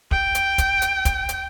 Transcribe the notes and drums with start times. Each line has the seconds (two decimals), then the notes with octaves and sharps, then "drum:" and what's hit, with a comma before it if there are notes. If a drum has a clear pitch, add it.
0.11 G5, drum: kick
0.35 drum: hi-hat
0.58 drum: kick, hi-hat
0.82 drum: hi-hat
1.05 drum: kick, hi-hat
1.29 drum: hi-hat